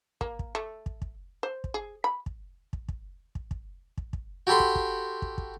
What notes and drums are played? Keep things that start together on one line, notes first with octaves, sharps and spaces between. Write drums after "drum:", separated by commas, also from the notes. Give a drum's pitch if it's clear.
A#3, drum: kick
drum: kick
A3
drum: kick
drum: kick
C5
drum: kick
G#4
B5
drum: kick
drum: kick
drum: kick
drum: kick
drum: kick
drum: kick
drum: kick
F#4 G4 A4 B5 C6
drum: kick
drum: kick
drum: kick
drum: kick